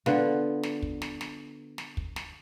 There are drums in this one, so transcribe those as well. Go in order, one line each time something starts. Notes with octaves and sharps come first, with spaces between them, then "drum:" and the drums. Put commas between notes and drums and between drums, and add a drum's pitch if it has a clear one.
D3 B3 F4, drum: snare
drum: snare
drum: kick
drum: snare
drum: snare
drum: snare
drum: kick
drum: snare